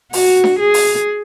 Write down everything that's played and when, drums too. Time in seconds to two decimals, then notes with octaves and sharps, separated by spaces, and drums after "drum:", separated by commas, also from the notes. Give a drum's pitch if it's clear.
0.13 F#4, drum: open hi-hat
0.44 drum: snare D4
0.59 G#4
0.74 drum: open hi-hat